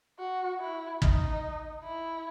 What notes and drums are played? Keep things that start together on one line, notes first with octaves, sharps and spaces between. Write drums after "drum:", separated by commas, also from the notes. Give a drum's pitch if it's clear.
F#4
E4
D#4, drum: kick
E4